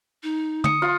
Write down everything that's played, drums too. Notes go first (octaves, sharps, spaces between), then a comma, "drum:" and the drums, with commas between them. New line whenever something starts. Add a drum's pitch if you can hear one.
D#4
D#6 C#7, drum: tom
F4